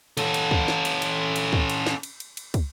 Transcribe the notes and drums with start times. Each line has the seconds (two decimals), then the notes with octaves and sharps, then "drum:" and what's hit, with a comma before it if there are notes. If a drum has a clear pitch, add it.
0.17 C#4 A4, drum: cymbal
0.34 drum: cymbal
0.51 drum: kick
0.68 drum: snare
0.85 drum: cymbal
1.02 drum: cymbal
1.36 drum: cymbal
1.53 drum: kick
1.70 drum: cymbal
1.86 drum: snare
2.03 drum: cymbal
2.20 drum: cymbal
2.37 drum: cymbal
2.54 drum: kick, cymbal